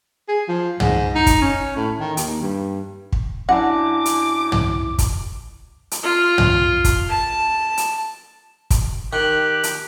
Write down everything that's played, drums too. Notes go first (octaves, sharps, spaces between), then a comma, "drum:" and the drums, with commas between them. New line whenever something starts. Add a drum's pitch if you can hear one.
G#4
F3
G#2, drum: tom
D#4
drum: kick, hi-hat
C#4
A2
D#3
D#2, drum: hi-hat
G2
drum: kick
F#2 D4 E4 F#5 D6 A#6
drum: hi-hat
drum: tom
drum: kick, hi-hat
drum: hi-hat
F4
drum: tom
drum: kick, hi-hat
A5
drum: hi-hat
drum: kick, hi-hat
D#3 G4 F#6
drum: hi-hat